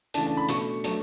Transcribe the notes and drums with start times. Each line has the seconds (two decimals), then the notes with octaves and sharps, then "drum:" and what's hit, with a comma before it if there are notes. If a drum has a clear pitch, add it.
0.14 C#3 E3 A3 D4 A5, drum: hi-hat
0.27 A5
0.37 B5
0.49 B2 A3 D4 C#6, drum: hi-hat
0.84 F#3 A3 D4, drum: hi-hat